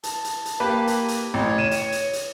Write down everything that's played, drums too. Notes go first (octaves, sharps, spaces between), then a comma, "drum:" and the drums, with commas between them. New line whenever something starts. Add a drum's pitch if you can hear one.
A5, drum: hi-hat
drum: hi-hat
drum: hi-hat
A#3 G4 B4
drum: hi-hat
drum: hi-hat
A1 C#5
D#7 E7
drum: hi-hat
drum: hi-hat
drum: hi-hat